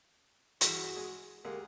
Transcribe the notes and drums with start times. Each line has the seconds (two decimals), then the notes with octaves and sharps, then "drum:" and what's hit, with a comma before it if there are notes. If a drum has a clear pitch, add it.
0.61 G2 E3 F#4 G#4, drum: hi-hat
0.97 G#3
1.45 D2 G#3 A#3 G4